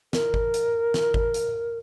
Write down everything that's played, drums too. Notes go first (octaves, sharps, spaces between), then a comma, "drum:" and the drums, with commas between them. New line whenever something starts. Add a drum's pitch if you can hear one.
A#4, drum: snare
drum: kick G#1
drum: hi-hat
drum: snare
drum: kick G#1
drum: hi-hat